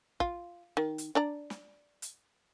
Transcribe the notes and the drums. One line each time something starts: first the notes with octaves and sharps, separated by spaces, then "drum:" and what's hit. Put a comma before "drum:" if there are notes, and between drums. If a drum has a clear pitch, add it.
F4, drum: kick
D#3
drum: hi-hat
D4 D5 A#5
drum: snare
drum: hi-hat